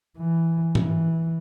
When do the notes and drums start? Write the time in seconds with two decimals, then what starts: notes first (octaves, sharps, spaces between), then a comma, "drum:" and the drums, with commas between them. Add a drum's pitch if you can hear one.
0.18 E3
0.75 E3, drum: tom G#2